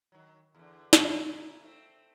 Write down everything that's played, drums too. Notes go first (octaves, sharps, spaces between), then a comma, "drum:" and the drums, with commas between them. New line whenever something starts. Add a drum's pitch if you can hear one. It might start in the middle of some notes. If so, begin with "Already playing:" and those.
D#3 F#3
E2 D3
drum: snare
A#3 E4
A3 C4